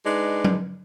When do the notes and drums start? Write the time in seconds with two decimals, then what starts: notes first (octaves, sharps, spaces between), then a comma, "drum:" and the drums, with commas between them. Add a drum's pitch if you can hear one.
0.04 G#3 D4 D#4 B4
0.44 drum: tom F#3